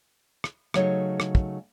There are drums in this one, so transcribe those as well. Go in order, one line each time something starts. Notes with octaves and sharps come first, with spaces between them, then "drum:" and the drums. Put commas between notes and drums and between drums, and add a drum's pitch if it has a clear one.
drum: rim click
C#3 F#3 A3 D#4 C#5, drum: rim click
drum: rim click
drum: kick